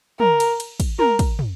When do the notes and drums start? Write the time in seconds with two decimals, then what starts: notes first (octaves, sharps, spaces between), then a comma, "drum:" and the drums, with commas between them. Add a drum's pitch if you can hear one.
0.20 A#4, drum: tom
0.40 drum: cymbal
0.60 drum: cymbal
0.80 drum: kick, cymbal
0.99 A#4, drum: tom
1.19 drum: kick, cymbal
1.39 drum: tom